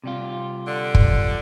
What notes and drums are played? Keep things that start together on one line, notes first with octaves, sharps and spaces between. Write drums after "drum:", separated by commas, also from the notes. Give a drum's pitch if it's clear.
C3 G3 F4
D3
drum: kick